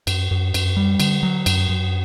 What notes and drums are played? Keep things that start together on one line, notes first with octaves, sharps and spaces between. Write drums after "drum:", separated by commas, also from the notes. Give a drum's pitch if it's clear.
F#2, drum: cymbal
F#2
F#2, drum: cymbal
G3
D3, drum: cymbal
F#3
F#2, drum: cymbal
F#2